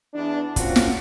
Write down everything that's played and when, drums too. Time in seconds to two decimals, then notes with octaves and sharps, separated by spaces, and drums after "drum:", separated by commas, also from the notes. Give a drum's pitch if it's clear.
0.13 E2 D4
0.56 A#3 C4 C#4 F4 F#4, drum: kick, hi-hat
0.76 drum: snare